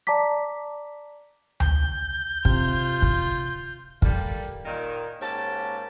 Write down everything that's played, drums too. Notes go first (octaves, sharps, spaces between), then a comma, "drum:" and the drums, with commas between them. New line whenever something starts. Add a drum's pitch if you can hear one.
D5 A5 A#5 D6 B6
G6, drum: tom D2
C3 F4, drum: kick
drum: kick
G3 A#3 A4, drum: kick
A#2 D#3
G#2 A#3 C#4 G4 A5